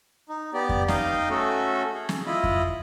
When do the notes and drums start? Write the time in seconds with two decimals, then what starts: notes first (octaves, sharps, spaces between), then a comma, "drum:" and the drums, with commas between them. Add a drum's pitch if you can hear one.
0.29 D#4
0.54 B3 G4 D5
0.69 drum: kick F2
0.88 D#4 D#5 F5 G5, drum: snare
1.30 A3 C#4 F#4 A4
1.94 G#4
2.09 drum: snare
2.26 E4 F4 D#5 B5
2.44 drum: kick F2